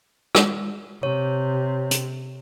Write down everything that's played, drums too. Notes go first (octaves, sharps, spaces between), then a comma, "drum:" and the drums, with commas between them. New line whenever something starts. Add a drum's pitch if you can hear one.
drum: rim click
C3 C#5
drum: hi-hat